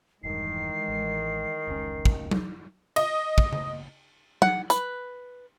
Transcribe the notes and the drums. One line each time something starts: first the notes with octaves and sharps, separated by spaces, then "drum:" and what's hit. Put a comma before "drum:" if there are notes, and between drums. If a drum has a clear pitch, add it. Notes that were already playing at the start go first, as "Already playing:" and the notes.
E1 G2 D#3 E3 G#3 C7
A1
F1 C#2 C#4
drum: kick
drum: tom F#3
D#5, drum: cymbal
drum: kick
drum: tom C#3
F#5, drum: tom F#3
B4, drum: hi-hat